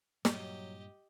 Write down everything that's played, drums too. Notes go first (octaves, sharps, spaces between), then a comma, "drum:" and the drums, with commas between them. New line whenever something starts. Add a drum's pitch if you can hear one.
G2 A#2 F#3 G4 D#5, drum: snare